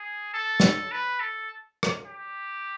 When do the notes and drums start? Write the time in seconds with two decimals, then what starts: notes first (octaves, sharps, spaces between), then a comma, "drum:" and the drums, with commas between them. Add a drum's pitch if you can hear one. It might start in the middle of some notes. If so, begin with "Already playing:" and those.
Already playing: G#4
0.34 A4
0.60 drum: snare
0.91 B4
1.20 A4
1.83 drum: rim click
2.06 G4